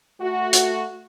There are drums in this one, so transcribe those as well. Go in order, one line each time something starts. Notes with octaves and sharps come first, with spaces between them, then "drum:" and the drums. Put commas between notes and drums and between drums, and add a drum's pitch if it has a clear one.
A3 F#4
drum: hi-hat